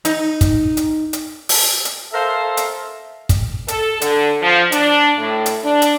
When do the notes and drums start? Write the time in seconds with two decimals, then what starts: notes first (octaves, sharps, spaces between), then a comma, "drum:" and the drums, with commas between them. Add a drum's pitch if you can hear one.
0.05 D#4, drum: hi-hat
0.41 drum: kick, hi-hat
0.77 drum: hi-hat
1.13 drum: hi-hat
1.49 drum: open hi-hat
1.85 drum: hi-hat
2.13 A4 A#4 C5 E5 F5
2.57 drum: hi-hat
3.29 drum: kick, hi-hat
3.68 A4, drum: hi-hat
4.01 D3, drum: hi-hat
4.42 F3
4.72 D4, drum: hi-hat
5.18 A2
5.46 drum: hi-hat
5.64 D4
5.82 drum: hi-hat